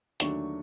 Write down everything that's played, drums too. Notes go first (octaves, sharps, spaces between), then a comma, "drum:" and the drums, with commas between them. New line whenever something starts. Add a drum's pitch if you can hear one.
D#2 D3 F#3 A3 D4 C#6, drum: hi-hat